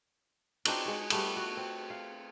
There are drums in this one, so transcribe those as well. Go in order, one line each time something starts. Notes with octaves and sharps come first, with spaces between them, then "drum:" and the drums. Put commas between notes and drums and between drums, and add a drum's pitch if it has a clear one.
C4 D4 D#4 F#4, drum: cymbal
G#3 C#5
G3 A3 B3, drum: cymbal
F#4
C4
F5